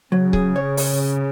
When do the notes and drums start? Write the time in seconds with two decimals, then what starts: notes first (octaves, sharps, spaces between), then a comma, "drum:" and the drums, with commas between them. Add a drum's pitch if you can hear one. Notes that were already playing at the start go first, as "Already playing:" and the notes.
0.12 C#3 F#3
0.33 G#4, drum: kick C#1
0.56 C#5
0.77 C#5, drum: open hi-hat